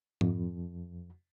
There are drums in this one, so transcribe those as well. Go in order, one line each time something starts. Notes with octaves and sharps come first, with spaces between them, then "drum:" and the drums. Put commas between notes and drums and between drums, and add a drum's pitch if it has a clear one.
F2, drum: tom G#2